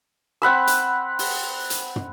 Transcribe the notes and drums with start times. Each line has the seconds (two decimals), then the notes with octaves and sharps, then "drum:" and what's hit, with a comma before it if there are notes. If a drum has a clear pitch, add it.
0.42 C4 F#5 B5 E6
0.67 drum: hi-hat
1.19 drum: open hi-hat
1.70 drum: hi-hat
1.96 drum: tom